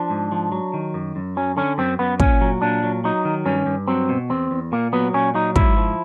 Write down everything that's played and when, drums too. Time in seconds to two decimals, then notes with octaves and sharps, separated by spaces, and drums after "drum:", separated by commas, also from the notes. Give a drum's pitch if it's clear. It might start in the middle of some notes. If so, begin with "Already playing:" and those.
Already playing: F3 D4
0.10 G#2
0.32 F3
0.52 F#3
0.74 D#3
0.94 F#2
1.16 F#2
1.37 F#3 C#4
1.57 D3 C#4
1.78 F#2 C4
1.99 F#2 B3
2.20 A#2 C#4, drum: kick
2.41 F#3
2.62 A#2 D4
2.83 F#3
3.04 F#3 D#4
3.25 D#3
3.45 G2 C#4
3.66 G2
3.87 F#3 C4
4.09 B2
4.30 E2 C4
4.51 E2
4.72 A#2 A#3
4.93 F#3 B3
5.14 A#2 C#4
5.34 F#3 D#4
5.56 G#2 E4, drum: kick
5.77 F3